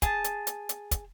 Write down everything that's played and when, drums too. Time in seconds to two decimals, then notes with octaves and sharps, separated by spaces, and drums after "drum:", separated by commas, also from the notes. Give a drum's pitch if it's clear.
0.02 G#4 A5, drum: kick, hi-hat
0.24 drum: hi-hat
0.47 drum: hi-hat
0.69 drum: hi-hat
0.91 drum: kick, hi-hat